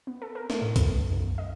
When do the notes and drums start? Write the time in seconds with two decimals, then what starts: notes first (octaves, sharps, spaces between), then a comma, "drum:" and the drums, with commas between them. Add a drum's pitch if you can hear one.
0.07 B3
0.22 A4
0.35 A#4
0.50 A3, drum: snare
0.62 A2
0.76 B3, drum: kick B1, hi-hat
0.96 F#2
1.12 B1
1.38 D#5